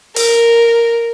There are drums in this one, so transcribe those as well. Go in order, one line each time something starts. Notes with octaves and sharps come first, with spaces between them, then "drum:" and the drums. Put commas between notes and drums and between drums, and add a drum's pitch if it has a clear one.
A#4, drum: open hi-hat